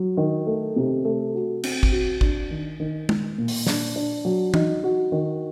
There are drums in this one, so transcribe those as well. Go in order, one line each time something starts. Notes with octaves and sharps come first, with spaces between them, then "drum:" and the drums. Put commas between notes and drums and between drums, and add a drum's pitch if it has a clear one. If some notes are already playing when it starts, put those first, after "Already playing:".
Already playing: F#3
D#3
A3
C3
A3
F#4
C4, drum: cymbal
drum: kick
F#4
D4, drum: kick
D#3
D#3
D#3, drum: tom
A#2
drum: open hi-hat
D4, drum: snare
D4
F#3
D#4, drum: tom
F#4
D#3